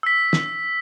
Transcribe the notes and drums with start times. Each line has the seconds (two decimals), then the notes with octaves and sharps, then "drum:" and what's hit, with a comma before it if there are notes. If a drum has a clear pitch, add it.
0.03 E6 B6
0.33 drum: snare